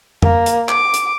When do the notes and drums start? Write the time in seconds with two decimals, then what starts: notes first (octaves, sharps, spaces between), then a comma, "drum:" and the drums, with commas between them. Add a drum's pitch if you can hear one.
0.22 A#3, drum: tom F2
0.46 drum: hi-hat
0.69 D6, drum: clap
0.94 drum: hi-hat